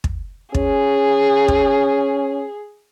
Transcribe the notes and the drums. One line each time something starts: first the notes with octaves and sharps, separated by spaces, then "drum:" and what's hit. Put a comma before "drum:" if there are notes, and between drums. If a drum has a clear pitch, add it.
drum: kick
C#4 G#4, drum: kick
drum: kick